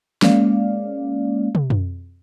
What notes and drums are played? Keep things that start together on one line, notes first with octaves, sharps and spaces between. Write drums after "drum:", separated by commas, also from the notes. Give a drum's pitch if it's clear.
G#3 A#3 C#4 D5 F5, drum: snare
drum: tom
drum: tom